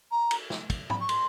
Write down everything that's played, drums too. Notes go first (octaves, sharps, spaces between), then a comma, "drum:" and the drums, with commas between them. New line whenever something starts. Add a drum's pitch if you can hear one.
A#5
drum: cymbal
drum: snare
drum: kick, cymbal
B5, drum: tom
C#6
C6, drum: cymbal